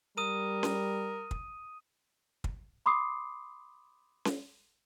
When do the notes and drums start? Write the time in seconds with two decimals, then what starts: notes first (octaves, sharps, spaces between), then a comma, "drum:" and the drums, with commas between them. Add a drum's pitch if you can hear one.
0.18 G3 A#4 D#6 D#7
0.63 drum: snare C#4
1.31 drum: kick
2.44 drum: kick
2.86 B5 C6 D6 D#6 C7
4.25 drum: snare C#4